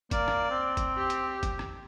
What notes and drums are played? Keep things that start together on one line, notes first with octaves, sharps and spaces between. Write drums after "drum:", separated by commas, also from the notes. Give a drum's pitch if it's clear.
A#3 D5, drum: kick, hi-hat
drum: rim click
C4
drum: kick, hi-hat
G4
drum: hi-hat
drum: kick, hi-hat
drum: rim click